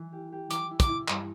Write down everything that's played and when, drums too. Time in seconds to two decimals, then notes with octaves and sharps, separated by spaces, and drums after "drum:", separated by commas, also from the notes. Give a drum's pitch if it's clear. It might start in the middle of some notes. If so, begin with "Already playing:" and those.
Already playing: E3
0.13 G4
0.32 G4
0.51 E3 D6, drum: hi-hat
0.71 E4
0.80 D6, drum: kick, hi-hat
0.89 E4
1.08 G2, drum: clap